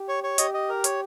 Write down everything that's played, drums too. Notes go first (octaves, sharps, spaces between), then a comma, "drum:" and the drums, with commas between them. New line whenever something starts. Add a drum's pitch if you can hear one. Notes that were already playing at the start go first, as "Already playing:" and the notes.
Already playing: G4
C#5
C#5
G4 D#5, drum: hi-hat
D#5
A#4
C#5, drum: hi-hat